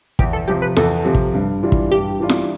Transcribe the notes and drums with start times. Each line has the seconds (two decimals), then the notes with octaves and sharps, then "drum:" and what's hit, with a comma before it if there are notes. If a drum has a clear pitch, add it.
0.19 E2 G4, drum: kick
0.33 A4
0.48 C3 F3 G4
0.62 B4
0.76 E2 A4, drum: snare F4
1.05 C3 F3
1.15 drum: kick
1.34 G2
1.63 E3 G3 D4 F4
1.72 drum: kick
1.91 G2 G4
2.20 E3 G3 D4 F4
2.29 drum: snare F4